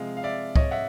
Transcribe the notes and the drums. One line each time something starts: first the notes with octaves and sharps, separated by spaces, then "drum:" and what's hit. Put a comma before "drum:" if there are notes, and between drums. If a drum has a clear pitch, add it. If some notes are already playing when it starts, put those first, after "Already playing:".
Already playing: C3 F3 G#3 F5
F5
D5 E5
C#5 D#5, drum: kick
E5 F#5